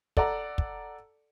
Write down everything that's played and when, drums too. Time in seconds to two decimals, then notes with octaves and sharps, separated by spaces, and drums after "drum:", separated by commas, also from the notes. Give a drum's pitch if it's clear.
0.17 A4 D5 F#5 A#5, drum: kick
0.58 drum: kick